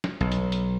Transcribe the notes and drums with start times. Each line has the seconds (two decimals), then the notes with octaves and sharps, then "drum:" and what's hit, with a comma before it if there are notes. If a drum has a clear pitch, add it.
0.04 drum: snare
0.21 B1
0.32 drum: hi-hat
0.52 drum: hi-hat